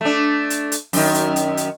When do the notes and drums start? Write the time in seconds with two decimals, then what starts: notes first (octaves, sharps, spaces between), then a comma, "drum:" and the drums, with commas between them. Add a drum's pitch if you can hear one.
0.01 A3 D4
0.50 drum: hi-hat
0.72 drum: hi-hat
0.93 F#2 D#3, drum: open hi-hat
1.15 drum: hi-hat
1.36 drum: hi-hat
1.57 drum: hi-hat